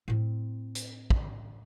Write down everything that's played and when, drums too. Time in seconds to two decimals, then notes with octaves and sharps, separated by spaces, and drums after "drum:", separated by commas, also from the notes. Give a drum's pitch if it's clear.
0.08 A2 C4
0.75 drum: hi-hat
1.10 drum: kick